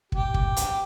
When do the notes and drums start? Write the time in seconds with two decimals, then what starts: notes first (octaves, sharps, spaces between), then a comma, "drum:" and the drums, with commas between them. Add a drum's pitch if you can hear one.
0.12 G4, drum: kick
0.34 drum: kick
0.57 drum: hi-hat